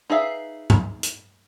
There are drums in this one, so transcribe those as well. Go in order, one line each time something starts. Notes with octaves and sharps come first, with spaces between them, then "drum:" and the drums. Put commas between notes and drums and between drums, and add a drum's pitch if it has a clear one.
D#4 G#4 B4 E5 F5
drum: tom G2
drum: hi-hat